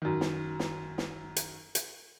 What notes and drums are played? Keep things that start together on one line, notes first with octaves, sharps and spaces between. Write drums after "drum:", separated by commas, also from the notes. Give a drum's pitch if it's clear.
F#2 D#3
drum: snare
drum: snare
drum: snare
drum: hi-hat
drum: hi-hat